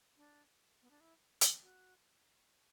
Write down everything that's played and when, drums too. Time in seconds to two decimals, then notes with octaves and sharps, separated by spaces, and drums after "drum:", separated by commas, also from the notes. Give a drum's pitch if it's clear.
0.17 D4
0.82 B3
0.90 D4
1.00 E4
1.41 E4, drum: hi-hat
1.62 F#4